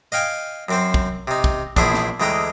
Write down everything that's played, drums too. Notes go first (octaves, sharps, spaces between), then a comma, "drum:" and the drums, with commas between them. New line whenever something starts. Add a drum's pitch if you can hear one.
D#5 F5 G5 G#5
F#2 C4 C5
drum: kick
C3 D#4
drum: kick
A#1 E2 D4 E4 G#4 C5, drum: kick
drum: snare
D2 E3 G#3 G5 A#5 D#6